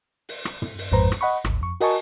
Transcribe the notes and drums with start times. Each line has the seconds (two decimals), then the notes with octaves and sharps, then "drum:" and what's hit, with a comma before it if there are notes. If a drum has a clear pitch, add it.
0.29 drum: open hi-hat
0.45 drum: rim click
0.62 drum: tom
0.78 drum: open hi-hat
0.92 A1 F2 G#2 B4 C5 A#5
1.12 drum: rim click
1.21 D#5 F#5 B5 C#6
1.44 G#1 D2, drum: rim click
1.61 F2 C#6
1.81 F#4 A#4 D#5 G#5 A5 C#6, drum: open hi-hat